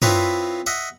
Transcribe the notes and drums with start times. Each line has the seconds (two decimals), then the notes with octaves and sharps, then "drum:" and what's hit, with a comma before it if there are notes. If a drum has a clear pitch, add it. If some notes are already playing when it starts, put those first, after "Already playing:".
0.02 C4 E4 F4 B4 C#5 D#5, drum: tom
0.66 D#5 E5 F#5